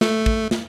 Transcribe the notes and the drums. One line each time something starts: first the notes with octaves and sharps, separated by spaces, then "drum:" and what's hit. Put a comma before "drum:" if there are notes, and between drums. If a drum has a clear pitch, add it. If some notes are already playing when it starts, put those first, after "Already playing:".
A3, drum: snare
drum: kick
drum: snare